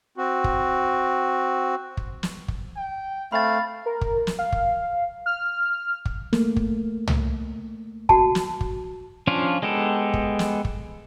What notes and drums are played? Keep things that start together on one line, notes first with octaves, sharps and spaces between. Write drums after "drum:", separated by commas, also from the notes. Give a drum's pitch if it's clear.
C4 F#4
drum: kick
drum: kick
drum: snare
drum: kick
G5
A3 C4 F5 B5 A6
A#4
drum: kick
drum: snare
F5
drum: kick
F6
drum: kick
A3 A#3, drum: snare
drum: kick
drum: tom
F#4 A5, drum: kick
drum: snare
drum: kick
F3 C#4 D4 F4
G#3 B3 G4 A4
drum: kick
drum: snare
drum: kick